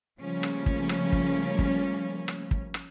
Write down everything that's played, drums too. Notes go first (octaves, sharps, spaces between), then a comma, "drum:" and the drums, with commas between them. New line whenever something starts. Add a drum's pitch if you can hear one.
C#3 F3 G3 A3 A#3 C#4
drum: rim click
drum: kick
drum: rim click
drum: kick
drum: kick
drum: rim click
drum: kick
drum: rim click